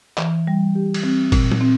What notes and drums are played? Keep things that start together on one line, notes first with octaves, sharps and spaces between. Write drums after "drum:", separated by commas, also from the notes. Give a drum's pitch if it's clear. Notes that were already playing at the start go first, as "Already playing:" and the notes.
E3, drum: clap
G3
G4
drum: cymbal
C4
A#2, drum: kick G1, cymbal
drum: tom F#3
C4